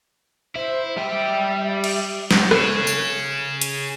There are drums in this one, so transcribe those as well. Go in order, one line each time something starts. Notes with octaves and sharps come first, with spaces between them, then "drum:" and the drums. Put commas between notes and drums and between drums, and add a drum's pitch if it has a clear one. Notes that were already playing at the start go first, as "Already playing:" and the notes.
E4 C5
G3 E5 G5
drum: cymbal
drum: snare
G#4 C#5, drum: rim click
drum: tambourine
drum: hi-hat